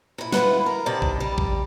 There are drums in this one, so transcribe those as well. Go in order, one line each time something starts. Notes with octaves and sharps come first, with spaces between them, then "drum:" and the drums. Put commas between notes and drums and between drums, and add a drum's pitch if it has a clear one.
A#2 E4
E4 F4 A4 B4 F#5, drum: snare
A#4
C3 D#3 D5 A5
drum: kick A1
G3
drum: kick A1